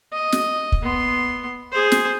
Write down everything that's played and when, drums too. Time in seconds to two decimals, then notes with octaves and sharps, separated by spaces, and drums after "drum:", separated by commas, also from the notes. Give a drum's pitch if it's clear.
0.13 D#5
0.32 drum: snare
0.72 drum: kick
0.82 B3 C6
1.72 G#4 C5
1.92 drum: snare